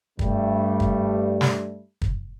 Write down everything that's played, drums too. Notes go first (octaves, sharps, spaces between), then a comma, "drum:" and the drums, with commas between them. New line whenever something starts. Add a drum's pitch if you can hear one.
G2 G3 A3, drum: kick
drum: kick
drum: snare
drum: kick